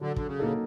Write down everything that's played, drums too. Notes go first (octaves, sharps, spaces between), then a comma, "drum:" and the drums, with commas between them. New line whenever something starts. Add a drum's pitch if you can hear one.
D3 F#3
D3, drum: kick
C#3
A#3 D#4 F#4 A4